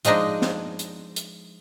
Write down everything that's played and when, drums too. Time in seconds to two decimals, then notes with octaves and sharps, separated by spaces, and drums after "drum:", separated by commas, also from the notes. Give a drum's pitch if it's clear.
0.05 F3 G#3 D4 D#4 D#5, drum: hi-hat
0.42 drum: snare
0.79 drum: hi-hat
1.16 drum: hi-hat